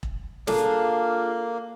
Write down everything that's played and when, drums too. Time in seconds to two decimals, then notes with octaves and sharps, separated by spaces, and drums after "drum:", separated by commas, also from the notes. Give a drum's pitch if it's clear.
0.03 drum: kick E1
0.47 A#3 D4 F4 G#4 A4, drum: snare